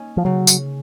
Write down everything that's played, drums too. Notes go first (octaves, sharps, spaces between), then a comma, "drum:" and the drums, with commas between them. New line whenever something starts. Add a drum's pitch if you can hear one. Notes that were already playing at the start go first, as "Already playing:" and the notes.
Already playing: A#3 C#4 D#4
F3
C#3 F#3
drum: tambourine